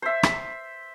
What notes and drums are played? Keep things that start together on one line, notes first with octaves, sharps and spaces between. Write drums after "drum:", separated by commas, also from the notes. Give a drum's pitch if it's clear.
C5 E5
drum: rim click